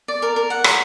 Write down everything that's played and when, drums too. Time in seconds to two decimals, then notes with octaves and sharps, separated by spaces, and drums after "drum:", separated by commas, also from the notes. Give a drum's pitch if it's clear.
0.08 D5
0.22 A#4
0.36 A#4
0.50 F#5
0.64 A#4, drum: rim click